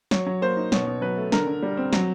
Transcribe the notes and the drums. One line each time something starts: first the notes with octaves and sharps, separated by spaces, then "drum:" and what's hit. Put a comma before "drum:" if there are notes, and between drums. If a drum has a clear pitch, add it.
F#3 C#5, drum: snare
F#3
A#3 C5
D#4
B2 C#5, drum: snare
B2
F#3 B4
A3
D3 A#4, drum: snare
D3
G3
C4
F#3, drum: snare